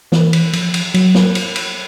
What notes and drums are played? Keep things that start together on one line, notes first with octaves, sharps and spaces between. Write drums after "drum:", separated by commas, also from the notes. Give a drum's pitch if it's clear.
E3, drum: snare
drum: cymbal
F3, drum: cymbal
drum: cymbal
F#3, drum: cymbal
drum: snare
drum: cymbal
drum: cymbal